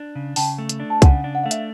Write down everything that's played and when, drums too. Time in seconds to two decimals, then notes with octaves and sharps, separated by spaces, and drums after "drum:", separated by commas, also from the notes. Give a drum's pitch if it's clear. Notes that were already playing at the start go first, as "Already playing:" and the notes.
Already playing: D4
0.16 C#3
0.36 C#3 G5 A5, drum: open hi-hat
0.59 A3
0.69 drum: hi-hat
0.80 D4
0.90 A5
1.02 C#3 F#5 G#5, drum: kick C2, hi-hat
1.24 D4
1.35 F#5
1.44 A3 F5
1.51 E5, drum: hi-hat